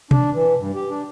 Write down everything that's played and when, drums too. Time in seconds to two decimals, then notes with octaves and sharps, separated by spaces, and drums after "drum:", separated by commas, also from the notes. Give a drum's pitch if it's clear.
0.11 D4, drum: tom B2
0.34 E3
0.58 G2
0.75 G4
0.90 D4